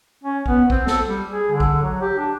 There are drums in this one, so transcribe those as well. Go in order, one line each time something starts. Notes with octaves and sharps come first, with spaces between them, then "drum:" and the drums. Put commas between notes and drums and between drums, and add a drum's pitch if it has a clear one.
C#4
B3, drum: kick A#1
C4, drum: kick A#1
A4, drum: snare
G3
G#4
D3
drum: kick A#1
F#3
G4
D4